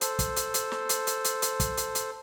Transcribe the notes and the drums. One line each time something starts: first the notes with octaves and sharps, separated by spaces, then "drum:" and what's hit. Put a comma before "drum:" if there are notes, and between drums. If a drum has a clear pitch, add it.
A4 C5, drum: hi-hat
drum: kick, hi-hat
drum: hi-hat
drum: hi-hat
drum: snare
drum: hi-hat
drum: hi-hat
drum: hi-hat
drum: hi-hat
drum: kick, hi-hat
drum: hi-hat
drum: hi-hat